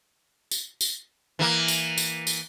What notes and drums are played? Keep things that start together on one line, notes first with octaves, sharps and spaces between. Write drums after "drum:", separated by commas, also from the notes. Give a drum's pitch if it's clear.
drum: tambourine
drum: tambourine
E3 A#3
drum: tambourine
drum: tambourine
drum: tambourine